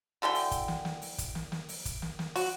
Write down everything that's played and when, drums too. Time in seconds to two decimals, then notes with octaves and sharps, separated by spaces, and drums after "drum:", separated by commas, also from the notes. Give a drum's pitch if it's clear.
0.22 B2 D3 E3 G5
0.35 drum: open hi-hat
0.51 drum: kick, hi-hat
0.68 drum: snare
0.85 drum: snare
1.02 drum: open hi-hat
1.18 drum: kick, hi-hat
1.35 drum: snare
1.52 drum: snare
1.69 drum: open hi-hat
1.85 drum: kick, hi-hat
2.02 drum: snare
2.19 drum: snare
2.36 F#4, drum: open hi-hat